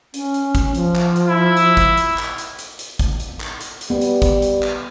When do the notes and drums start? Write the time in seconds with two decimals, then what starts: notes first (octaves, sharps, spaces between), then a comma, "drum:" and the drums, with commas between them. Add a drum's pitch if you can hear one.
0.14 C#4, drum: hi-hat
0.34 drum: hi-hat
0.55 drum: kick, hi-hat
0.75 F3, drum: hi-hat
0.95 drum: clap
1.16 drum: hi-hat
1.28 E4
1.57 drum: hi-hat
1.77 drum: kick, hi-hat
1.97 drum: hi-hat
2.18 drum: clap
2.38 drum: hi-hat
2.59 drum: hi-hat
2.79 drum: hi-hat
2.99 drum: kick, hi-hat
3.20 drum: hi-hat
3.40 drum: clap
3.61 drum: hi-hat
3.81 drum: hi-hat
3.90 G3 B3
4.01 drum: hi-hat
4.22 drum: kick, hi-hat
4.42 drum: hi-hat
4.63 drum: clap